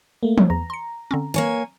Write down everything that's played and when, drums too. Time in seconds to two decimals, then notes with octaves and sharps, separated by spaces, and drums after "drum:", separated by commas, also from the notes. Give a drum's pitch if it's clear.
0.23 A3 A#3
0.38 drum: tom E3
0.50 E2 A#5
0.70 C6 C#7
1.11 D3 C4 C#4
1.34 A#3 C#5 G#5